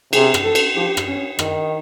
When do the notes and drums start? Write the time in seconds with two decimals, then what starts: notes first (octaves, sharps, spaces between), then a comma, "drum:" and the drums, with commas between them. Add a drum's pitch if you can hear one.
0.13 C3 G#4, drum: cymbal
0.34 drum: rim click
0.44 A4
0.55 drum: cymbal
0.76 F3 G4
0.97 drum: rim click
1.07 C#4
1.39 D#3, drum: rim click